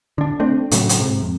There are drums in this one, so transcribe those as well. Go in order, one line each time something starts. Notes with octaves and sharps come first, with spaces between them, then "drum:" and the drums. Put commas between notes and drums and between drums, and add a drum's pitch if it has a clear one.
D3 D4
A3 C4 D4
A2 C#3 F#3 A3, drum: hi-hat
drum: hi-hat
G#2 C3
F2